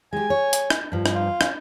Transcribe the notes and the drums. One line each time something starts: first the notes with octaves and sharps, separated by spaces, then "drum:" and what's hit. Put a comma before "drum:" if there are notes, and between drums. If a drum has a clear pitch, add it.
G#3 G4 G#5
C#5
drum: hi-hat
drum: rim click
G2 F3
drum: rim click
F4
C#4, drum: rim click